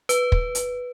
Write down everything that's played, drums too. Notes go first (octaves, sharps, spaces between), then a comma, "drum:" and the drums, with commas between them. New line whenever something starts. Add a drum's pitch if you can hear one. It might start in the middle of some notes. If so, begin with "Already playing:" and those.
B4, drum: hi-hat
drum: kick
drum: hi-hat